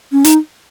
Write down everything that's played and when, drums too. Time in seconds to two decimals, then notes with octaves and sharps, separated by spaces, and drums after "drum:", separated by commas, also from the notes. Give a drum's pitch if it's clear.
0.12 C#4
0.25 D#4, drum: hi-hat